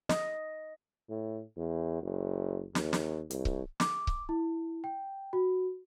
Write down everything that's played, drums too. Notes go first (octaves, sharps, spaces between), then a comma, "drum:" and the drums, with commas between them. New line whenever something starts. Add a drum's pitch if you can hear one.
D#5, drum: snare
A2
E2
F#1
D#2, drum: snare
drum: snare
C2, drum: hi-hat
drum: kick C#1
D6, drum: snare
drum: kick C#1
E4
G5
F#4